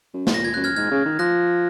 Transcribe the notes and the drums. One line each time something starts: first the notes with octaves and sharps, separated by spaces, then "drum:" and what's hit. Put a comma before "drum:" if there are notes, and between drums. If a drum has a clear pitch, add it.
F#2
G#2, drum: snare
A#2 A#6
G#6
F#2 F#6
F6 G#6
G#2 F6 G#6
C#3
D#3
F3 F#6 A#6